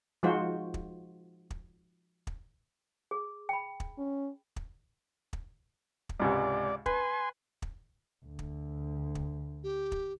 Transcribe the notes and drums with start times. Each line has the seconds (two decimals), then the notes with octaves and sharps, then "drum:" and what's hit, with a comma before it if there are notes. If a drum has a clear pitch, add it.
0.23 F3 G#3 D#4 F4 F#4 C5
0.74 drum: kick
1.50 drum: kick
2.27 drum: kick
3.11 G#4
3.49 G5 B5
3.80 drum: kick
3.98 C#4
4.56 drum: kick
5.33 drum: kick
6.09 drum: kick
6.20 C#2 G#2 C3 D5
6.86 B4 G#5 C6, drum: kick
7.62 drum: kick
8.25 D2
8.39 drum: kick
9.15 drum: kick
9.63 G4
9.92 drum: kick